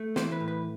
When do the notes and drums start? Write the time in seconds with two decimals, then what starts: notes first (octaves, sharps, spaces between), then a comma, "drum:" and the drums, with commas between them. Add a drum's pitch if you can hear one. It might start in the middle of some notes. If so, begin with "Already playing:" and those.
Already playing: A3
0.16 E3 C5, drum: snare
0.32 B4
0.40 A2
0.48 B4